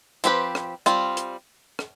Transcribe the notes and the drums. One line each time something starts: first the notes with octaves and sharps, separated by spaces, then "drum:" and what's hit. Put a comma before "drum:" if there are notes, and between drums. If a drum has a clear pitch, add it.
F3 C4 G4 B4, drum: hi-hat
drum: rim click
G3 C4 F4, drum: hi-hat
drum: hi-hat
drum: rim click